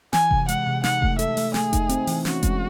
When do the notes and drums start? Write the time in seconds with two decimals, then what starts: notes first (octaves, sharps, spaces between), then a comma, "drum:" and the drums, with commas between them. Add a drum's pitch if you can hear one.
0.13 E3 G#5, drum: snare
0.31 C3, drum: kick F1
0.49 G#3 F#5, drum: hi-hat
0.67 C3
0.84 D#4 F#5, drum: snare
1.02 A3, drum: kick F1
1.19 A4 E5, drum: hi-hat
1.37 A3, drum: open hi-hat
1.54 A3 G#4, drum: snare
1.73 D#4, drum: kick F1, hi-hat
1.89 C4, drum: hi-hat
2.07 E3, drum: open hi-hat
2.25 C#4 F#4, drum: snare
2.43 G#3, drum: kick F1, hi-hat